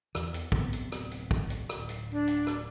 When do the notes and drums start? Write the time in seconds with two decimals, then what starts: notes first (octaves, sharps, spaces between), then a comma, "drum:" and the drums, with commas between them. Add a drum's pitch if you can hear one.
0.15 E2 E3, drum: rim click
0.34 drum: hi-hat
0.52 D1 C3 B3, drum: kick
0.73 drum: hi-hat
0.92 drum: rim click
1.11 drum: hi-hat
1.31 drum: kick
1.50 drum: hi-hat
1.69 drum: rim click
1.80 D1
1.89 drum: hi-hat
2.12 D4
2.27 drum: hi-hat
2.47 drum: rim click